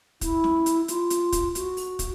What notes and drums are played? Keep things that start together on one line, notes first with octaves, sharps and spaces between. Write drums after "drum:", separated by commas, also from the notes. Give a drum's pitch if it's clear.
E4, drum: kick, hi-hat
drum: snare
drum: hi-hat
F4, drum: hi-hat
drum: hi-hat
drum: kick, hi-hat
F#4, drum: hi-hat
drum: open hi-hat
drum: kick, hi-hat